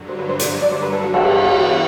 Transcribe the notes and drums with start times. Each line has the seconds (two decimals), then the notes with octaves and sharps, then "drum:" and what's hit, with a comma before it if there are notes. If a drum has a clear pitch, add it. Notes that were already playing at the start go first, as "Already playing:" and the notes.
Already playing: G2 D3 F#3
0.09 C5
0.19 B4
0.29 C5
0.39 D5, drum: hi-hat
0.51 C5
0.62 D5
0.71 C5
0.82 B4
0.93 A4
1.04 G2 E3 B3 F#4
1.14 A4, drum: cymbal
1.24 G4
1.35 G4
1.46 F#4
1.56 F#4